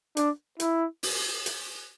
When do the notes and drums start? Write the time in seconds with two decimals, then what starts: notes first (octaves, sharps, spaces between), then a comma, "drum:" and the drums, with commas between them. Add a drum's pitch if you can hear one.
0.17 D4, drum: hi-hat
0.60 E4, drum: hi-hat
1.03 drum: open hi-hat
1.46 drum: hi-hat